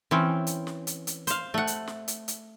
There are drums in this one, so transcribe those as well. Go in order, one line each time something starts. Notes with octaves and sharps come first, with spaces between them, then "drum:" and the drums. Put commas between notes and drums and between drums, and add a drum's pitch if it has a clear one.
E3 C4 C#4
drum: hi-hat
drum: snare
drum: hi-hat
drum: hi-hat
C5 F5, drum: hi-hat
A3 F#5
drum: hi-hat
drum: snare
drum: hi-hat
drum: hi-hat